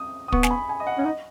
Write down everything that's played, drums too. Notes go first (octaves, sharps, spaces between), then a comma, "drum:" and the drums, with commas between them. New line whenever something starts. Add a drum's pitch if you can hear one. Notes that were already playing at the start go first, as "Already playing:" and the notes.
Already playing: D#6
D#6
B3 C#6, drum: kick
G#5, drum: snare
B5
G#5
D#5
F#5
C#4 F#5
D#4 D#5